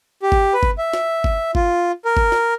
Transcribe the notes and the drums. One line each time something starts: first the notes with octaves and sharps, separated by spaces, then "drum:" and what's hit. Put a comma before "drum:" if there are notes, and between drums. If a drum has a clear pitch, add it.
G4
drum: kick G1
B4
drum: kick G1
E5
drum: snare
drum: kick G1
F4, drum: kick G1
A#4
drum: kick G1
drum: snare